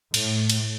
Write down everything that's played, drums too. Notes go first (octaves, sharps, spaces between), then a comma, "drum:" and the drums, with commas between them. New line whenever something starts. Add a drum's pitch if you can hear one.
A2, drum: cymbal
drum: cymbal